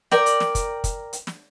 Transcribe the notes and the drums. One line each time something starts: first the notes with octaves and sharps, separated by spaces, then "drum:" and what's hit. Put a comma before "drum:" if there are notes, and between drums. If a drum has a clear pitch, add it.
A#4 D5 G5, drum: snare
drum: hi-hat
drum: snare
drum: kick, hi-hat
drum: kick, hi-hat
drum: hi-hat
drum: snare